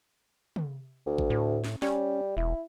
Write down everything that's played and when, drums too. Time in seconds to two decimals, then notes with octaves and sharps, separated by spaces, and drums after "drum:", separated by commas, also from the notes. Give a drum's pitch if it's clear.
0.56 drum: tom
1.06 D2
1.18 drum: kick A1
1.30 A2
1.64 drum: snare
1.82 G3 C#4, drum: snare
2.37 E1 E4